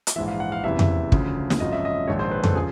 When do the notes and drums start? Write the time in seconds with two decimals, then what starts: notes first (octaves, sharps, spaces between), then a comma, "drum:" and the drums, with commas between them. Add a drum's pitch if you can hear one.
0.07 drum: hi-hat
0.16 A#1 G#2 E3 E5
0.28 F5
0.40 F#5
0.52 F5
0.63 F#1 E2 C3 E3 E5
0.79 drum: tom F2
1.12 D2 C#3 F3, drum: kick
1.50 drum: snare
1.60 G#1 F#2 C#3 F3 D#5
1.72 E5
1.85 D#5
2.07 A#1 G#2 D#3 C#5
2.19 C5
2.31 B4
2.44 A4, drum: tom F2
2.55 C#3 F3 G#4